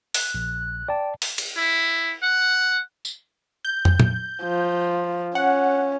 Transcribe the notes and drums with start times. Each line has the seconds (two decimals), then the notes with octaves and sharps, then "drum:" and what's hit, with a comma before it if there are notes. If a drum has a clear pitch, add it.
0.14 F#6, drum: open hi-hat
0.34 A#1
0.89 D5 G5 A5
1.22 drum: open hi-hat
1.38 drum: cymbal
1.57 E4
2.23 F#5
3.05 drum: tambourine
3.65 G6
3.85 drum: tom
4.00 drum: tom A#2
4.43 F3
5.35 C#4 F#5